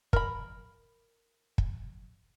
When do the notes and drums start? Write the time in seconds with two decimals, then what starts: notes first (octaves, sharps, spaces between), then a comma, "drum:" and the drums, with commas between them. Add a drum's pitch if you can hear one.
0.13 A#4 B5, drum: kick
1.58 drum: kick